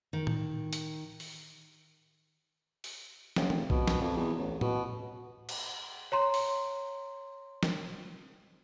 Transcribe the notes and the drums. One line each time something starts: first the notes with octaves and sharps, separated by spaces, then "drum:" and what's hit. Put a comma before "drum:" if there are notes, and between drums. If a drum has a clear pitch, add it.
D#3
drum: tom A2
drum: hi-hat
drum: open hi-hat
drum: open hi-hat
F#1, drum: snare
F1, drum: tom
B2, drum: kick B1
drum: snare
F2
E2
A1
B2, drum: tom A2
drum: cymbal
C#5 A#5 C6
drum: open hi-hat
drum: snare